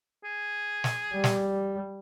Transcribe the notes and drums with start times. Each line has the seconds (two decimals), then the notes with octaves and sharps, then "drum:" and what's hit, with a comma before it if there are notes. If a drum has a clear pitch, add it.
0.24 G#4
0.84 drum: snare
1.14 G3
1.24 drum: snare